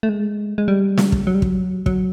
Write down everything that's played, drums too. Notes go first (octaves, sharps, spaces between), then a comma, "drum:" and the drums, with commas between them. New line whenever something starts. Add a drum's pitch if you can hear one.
A3
G#3
G#3
G3
drum: snare
drum: kick
F#3
G3
F#3, drum: kick
F#3, drum: kick